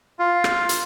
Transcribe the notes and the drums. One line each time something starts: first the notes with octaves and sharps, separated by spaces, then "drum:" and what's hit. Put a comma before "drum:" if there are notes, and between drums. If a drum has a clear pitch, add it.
F4
drum: rim click
drum: hi-hat